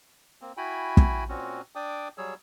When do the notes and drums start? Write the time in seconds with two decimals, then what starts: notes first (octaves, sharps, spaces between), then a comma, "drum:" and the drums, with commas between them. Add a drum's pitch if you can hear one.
0.42 A#3 C4
0.57 E4 F#4 G5 G#5 B5
0.97 drum: kick
1.29 A#2 C4 C#4 F#4
1.75 D4 D5 G5 D6 D#6
2.18 F#3 G3 G#4 C#5 E6